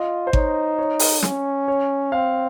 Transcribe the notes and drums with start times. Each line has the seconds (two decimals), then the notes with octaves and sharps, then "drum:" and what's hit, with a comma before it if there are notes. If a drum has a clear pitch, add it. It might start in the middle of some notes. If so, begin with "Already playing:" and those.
Already playing: F4 D#5
0.27 C5
0.33 D#4 C#5, drum: kick G#1
0.78 C#5
0.99 drum: open hi-hat
1.22 C#4, drum: snare
1.68 C#5
2.12 C4 F5